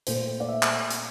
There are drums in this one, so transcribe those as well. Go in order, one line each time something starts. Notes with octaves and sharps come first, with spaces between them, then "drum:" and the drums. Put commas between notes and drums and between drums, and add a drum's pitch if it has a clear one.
A#2 A3 C5, drum: hi-hat
D5
E5
drum: clap
drum: hi-hat